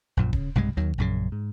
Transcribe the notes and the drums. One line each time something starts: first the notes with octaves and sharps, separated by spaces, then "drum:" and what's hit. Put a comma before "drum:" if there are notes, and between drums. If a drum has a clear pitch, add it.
A#1 F#2 A#2
C#3, drum: kick D#1
B1 G2 C3 G#3
D#2 D#3 F#3
A#1 F#2 C#3
G#2